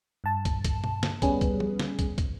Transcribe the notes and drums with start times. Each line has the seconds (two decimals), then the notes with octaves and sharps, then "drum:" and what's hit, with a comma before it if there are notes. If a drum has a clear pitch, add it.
0.24 G2 A5
0.45 drum: kick, hi-hat
0.64 drum: kick, hi-hat
0.84 drum: tom
1.03 drum: snare
1.22 G3 B3 C#4 G#4 B4, drum: kick, hi-hat
1.41 drum: kick, hi-hat
1.60 drum: tom
1.80 drum: snare
1.99 drum: kick, hi-hat
2.18 drum: kick, hi-hat